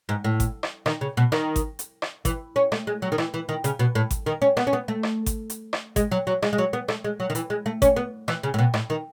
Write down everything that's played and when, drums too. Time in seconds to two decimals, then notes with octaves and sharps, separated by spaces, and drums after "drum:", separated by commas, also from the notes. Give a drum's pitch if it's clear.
0.09 G#2
0.24 A2
0.40 drum: kick G#1, hi-hat
0.63 drum: rim click
0.86 D#3, drum: rim click
1.01 C#3
1.17 B2
1.32 D#3, drum: rim click
1.56 drum: kick G#1, hi-hat
1.79 drum: hi-hat
2.02 drum: rim click
2.25 E3, drum: kick G#1, hi-hat
2.56 C#4
2.72 A3, drum: rim click
2.87 G#3
3.02 F#3
3.12 D#3
3.18 E3, drum: rim click
3.34 E3
3.49 D#3
3.64 C#3, drum: hi-hat
3.79 B2
3.95 A2
4.11 drum: kick G#1, hi-hat
4.26 D#3
4.42 C#4
4.57 B3, drum: rim click
4.67 C#4
4.73 B3
4.88 A3
5.03 drum: rim click
5.26 drum: kick G#1, hi-hat
5.50 drum: hi-hat
5.73 drum: rim click
5.96 G#3, drum: kick G#1, hi-hat
6.11 F#3
6.27 F#3
6.42 G#3, drum: rim click
6.53 G#3
6.58 F#3
6.73 B3
6.88 A3, drum: rim click
7.04 G#3
7.20 F#3
7.30 D#3
7.35 E3, drum: hi-hat
7.50 G#3
7.66 A3
7.82 C#4, drum: kick G#1, hi-hat
7.96 B3
8.28 E3, drum: rim click
8.43 C#3
8.54 A2
8.59 B2
8.74 A2, drum: rim click
8.90 D#3